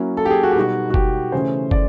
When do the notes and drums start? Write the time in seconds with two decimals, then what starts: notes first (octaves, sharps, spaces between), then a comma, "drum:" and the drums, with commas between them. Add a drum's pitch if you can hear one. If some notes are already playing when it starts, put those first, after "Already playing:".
Already playing: F#3 A#3 C#4 E4
0.17 A4
0.26 G4
0.31 G#4
0.43 F#4
0.52 G4
0.56 B2 G3 B3 D#4 F#4
0.90 F#4
0.94 G4, drum: kick
1.32 C#3 E3 A3 C#4 C5
1.71 D5, drum: kick